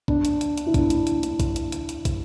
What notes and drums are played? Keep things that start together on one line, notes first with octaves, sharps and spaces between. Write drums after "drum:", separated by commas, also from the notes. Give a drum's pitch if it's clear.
D4, drum: kick
drum: hi-hat
drum: hi-hat
drum: hi-hat
E4
D4, drum: kick, hi-hat
drum: hi-hat
drum: hi-hat
drum: hi-hat
drum: kick, hi-hat
drum: hi-hat
drum: hi-hat
drum: hi-hat
drum: kick, hi-hat